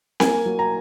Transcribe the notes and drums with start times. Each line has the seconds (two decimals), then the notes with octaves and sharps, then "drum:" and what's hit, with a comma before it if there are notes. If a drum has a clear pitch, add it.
0.20 A#3 G#5, drum: snare C4
0.46 F#3
0.59 A#5